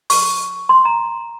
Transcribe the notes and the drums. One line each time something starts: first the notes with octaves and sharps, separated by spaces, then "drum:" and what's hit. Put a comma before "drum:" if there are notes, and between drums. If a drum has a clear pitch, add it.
C#6, drum: open hi-hat
C6
A#5